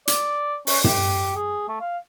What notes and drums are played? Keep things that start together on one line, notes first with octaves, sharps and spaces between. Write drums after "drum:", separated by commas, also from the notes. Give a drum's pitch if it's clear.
D5, drum: hi-hat
C#4, drum: open hi-hat
G4, drum: tom
G#4
A3
F5